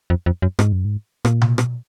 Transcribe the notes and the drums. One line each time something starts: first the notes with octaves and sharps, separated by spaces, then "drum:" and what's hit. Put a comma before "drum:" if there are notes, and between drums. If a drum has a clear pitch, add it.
F2
F2
F#2
G#2, drum: rim click
F#2
G#2
A#2, drum: rim click
drum: tom B2
drum: rim click